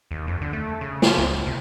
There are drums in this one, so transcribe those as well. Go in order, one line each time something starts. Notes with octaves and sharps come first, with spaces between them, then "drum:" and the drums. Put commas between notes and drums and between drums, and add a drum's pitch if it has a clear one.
D#2
F2
D3
A3
C#3
F4, drum: snare
C#2
C3